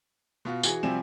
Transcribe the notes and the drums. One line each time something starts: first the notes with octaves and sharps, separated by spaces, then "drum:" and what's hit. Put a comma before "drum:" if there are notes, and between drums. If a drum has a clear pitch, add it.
B2 F4 F#4
E3 F#4 G#4, drum: tambourine
C3 F3 G3 C4 G#5 E7